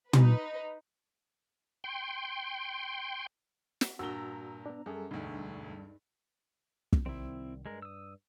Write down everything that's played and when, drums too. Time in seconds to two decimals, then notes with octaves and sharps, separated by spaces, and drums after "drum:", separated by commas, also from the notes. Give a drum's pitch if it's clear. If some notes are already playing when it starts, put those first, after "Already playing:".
0.13 D#4 B4, drum: tom
1.84 G5 C6
3.81 drum: snare
3.99 G2 A#2 F#4 A#5 E6 G7
4.66 B3 D4
4.86 F#2 G3 G#4 A4
5.11 E1 D2 G2 D#4
6.93 drum: kick
7.06 C2 D#3 G3 C4 E4
7.66 G2 G#3 A#4
7.82 D#6 E6